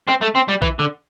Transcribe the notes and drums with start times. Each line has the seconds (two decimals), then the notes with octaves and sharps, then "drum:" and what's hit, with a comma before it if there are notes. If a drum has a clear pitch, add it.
0.09 C4
0.22 A3
0.36 C4
0.49 G3
0.62 E3, drum: kick A#1
0.79 D3